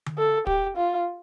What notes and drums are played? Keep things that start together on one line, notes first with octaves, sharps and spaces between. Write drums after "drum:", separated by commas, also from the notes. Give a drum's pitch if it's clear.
drum: tom D3
A4
G4, drum: kick
F4